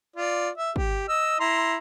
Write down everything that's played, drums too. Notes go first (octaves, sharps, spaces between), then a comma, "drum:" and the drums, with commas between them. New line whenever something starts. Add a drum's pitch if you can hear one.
F4 D5
E5
G4, drum: kick
D#5 E6
E4 A#5 C6